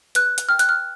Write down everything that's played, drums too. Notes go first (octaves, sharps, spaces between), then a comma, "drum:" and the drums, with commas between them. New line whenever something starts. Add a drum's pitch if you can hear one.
B4 F#6, drum: hi-hat
drum: hi-hat
G5 F6
F#6, drum: hi-hat
F6